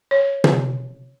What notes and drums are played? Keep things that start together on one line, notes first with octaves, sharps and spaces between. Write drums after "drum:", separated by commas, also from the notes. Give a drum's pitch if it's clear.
C#5
drum: tom